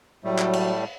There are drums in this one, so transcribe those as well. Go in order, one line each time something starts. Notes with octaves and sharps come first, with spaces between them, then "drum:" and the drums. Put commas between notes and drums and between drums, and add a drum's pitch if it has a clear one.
A2 F#3 G3 A3
drum: clap
drum: cymbal